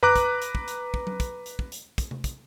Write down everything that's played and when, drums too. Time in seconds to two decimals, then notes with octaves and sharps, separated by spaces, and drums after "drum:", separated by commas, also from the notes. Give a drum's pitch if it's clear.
0.03 B4 A#5 D6 F#6, drum: tom F#2
0.16 drum: kick, hi-hat
0.42 drum: hi-hat
0.55 drum: kick
0.68 drum: hi-hat
0.94 drum: kick
1.07 drum: tom F#3
1.20 drum: kick, hi-hat
1.46 drum: hi-hat
1.59 drum: kick
1.72 drum: hi-hat
1.98 drum: kick, hi-hat
2.11 drum: tom C3
2.24 drum: kick, hi-hat